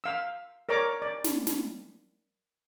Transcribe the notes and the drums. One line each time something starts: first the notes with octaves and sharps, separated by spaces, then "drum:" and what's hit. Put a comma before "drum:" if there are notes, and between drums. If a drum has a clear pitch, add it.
F5 E6
A#4 C#5 D5 A#5 D6
D5
drum: snare
drum: snare